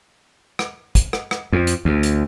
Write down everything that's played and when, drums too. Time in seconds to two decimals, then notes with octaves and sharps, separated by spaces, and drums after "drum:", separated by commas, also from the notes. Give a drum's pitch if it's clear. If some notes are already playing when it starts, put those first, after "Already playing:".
0.59 drum: rim click
0.95 drum: kick, hi-hat
1.13 drum: rim click
1.31 drum: rim click
1.52 F2
1.67 drum: hi-hat
1.85 D2
2.03 drum: hi-hat